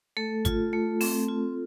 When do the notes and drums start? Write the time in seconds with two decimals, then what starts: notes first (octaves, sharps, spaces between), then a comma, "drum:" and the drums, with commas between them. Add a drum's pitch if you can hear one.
0.17 A3 A4
0.45 F4, drum: kick, hi-hat
0.73 A3
1.01 C4, drum: open hi-hat
1.28 F4